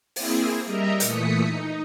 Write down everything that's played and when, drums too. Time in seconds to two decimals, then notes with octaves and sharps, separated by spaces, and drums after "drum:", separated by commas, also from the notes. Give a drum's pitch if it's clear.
0.16 A#3 C4 E4 G#4, drum: open hi-hat
0.66 G3 A#4 D#5 E5 A#5
1.00 A#2 E3 A3 D#6 B6 C#7, drum: hi-hat
1.45 D#4